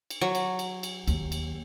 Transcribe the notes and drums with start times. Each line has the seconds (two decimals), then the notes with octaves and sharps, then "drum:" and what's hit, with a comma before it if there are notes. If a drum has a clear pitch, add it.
0.10 drum: cymbal
0.21 F#3 C#6
0.35 drum: cymbal
0.59 drum: cymbal
0.83 drum: cymbal
1.08 D#2, drum: cymbal
1.32 drum: cymbal